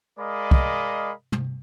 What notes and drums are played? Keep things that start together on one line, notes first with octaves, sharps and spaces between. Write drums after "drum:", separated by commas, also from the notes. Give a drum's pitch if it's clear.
G#3 A#4 D5 D#5 F5 B5
drum: kick
drum: tom